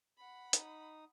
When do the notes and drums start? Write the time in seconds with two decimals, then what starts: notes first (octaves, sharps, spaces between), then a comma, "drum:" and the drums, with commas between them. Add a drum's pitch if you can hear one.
0.17 F#5 B5
0.53 D#4 D#6, drum: hi-hat